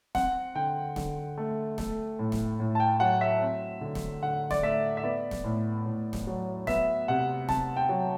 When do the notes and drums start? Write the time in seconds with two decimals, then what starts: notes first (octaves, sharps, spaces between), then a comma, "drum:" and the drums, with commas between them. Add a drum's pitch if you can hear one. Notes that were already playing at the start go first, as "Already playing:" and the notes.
0.15 C4 F#5, drum: snare
0.55 D3 G5
0.96 D3, drum: snare
1.37 A3
1.78 A3, drum: snare
2.19 A2
2.32 drum: snare
2.60 A2
2.75 A5
2.80 G5
3.00 F#3 F#5
3.21 E5
3.41 C4
3.81 D3
3.95 drum: snare
4.23 D3 F#5
4.51 D5, drum: snare
4.63 A3 E5
4.97 E5
5.04 B3 D5
5.31 drum: snare
5.44 A2
5.86 A2
6.13 drum: snare
6.27 F#3
6.67 B3 E5, drum: snare
7.08 C3 F#5
7.49 C3 A5, drum: snare
7.76 G5
7.89 F#3